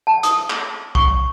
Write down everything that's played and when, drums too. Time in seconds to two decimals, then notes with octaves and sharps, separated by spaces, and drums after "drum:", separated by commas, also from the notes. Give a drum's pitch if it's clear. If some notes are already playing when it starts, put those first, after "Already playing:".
0.07 A5
0.23 D#6, drum: hi-hat
0.50 drum: clap
0.95 C#6, drum: kick